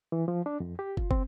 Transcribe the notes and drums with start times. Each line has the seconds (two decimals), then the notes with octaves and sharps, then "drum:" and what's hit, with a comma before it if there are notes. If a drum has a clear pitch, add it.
0.12 E3
0.28 F3
0.46 D4
0.60 F2
0.79 G4
0.97 F4, drum: kick
1.11 C4, drum: kick